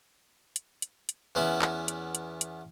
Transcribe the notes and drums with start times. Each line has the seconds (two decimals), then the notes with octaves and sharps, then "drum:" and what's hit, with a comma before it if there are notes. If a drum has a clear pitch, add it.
0.56 drum: hi-hat
0.82 drum: hi-hat
1.09 drum: hi-hat
1.35 E2 B3 C#4 E4
1.62 drum: clap
1.88 drum: hi-hat
2.15 drum: hi-hat
2.41 drum: hi-hat